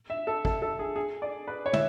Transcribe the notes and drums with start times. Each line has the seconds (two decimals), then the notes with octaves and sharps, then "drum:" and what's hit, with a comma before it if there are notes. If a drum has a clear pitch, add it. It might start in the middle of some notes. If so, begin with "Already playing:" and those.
0.10 E5
0.27 A4
0.45 A4, drum: kick
0.62 A4
0.79 G#4
0.96 G#4
1.22 D5
1.48 B4
1.66 C#5
1.73 E5, drum: tom